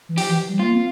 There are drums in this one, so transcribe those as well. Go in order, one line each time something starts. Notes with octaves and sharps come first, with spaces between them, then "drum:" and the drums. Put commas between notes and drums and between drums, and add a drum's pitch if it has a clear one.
E3
F3 G4, drum: open hi-hat
E3
F3
G3
A#3 F4
C4